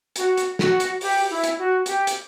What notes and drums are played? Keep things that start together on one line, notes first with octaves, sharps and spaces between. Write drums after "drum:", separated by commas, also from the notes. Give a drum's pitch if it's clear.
F#4, drum: hi-hat
drum: hi-hat
F#4, drum: snare
drum: hi-hat
G4, drum: open hi-hat
E4
drum: hi-hat
F#4
G4, drum: hi-hat
drum: hi-hat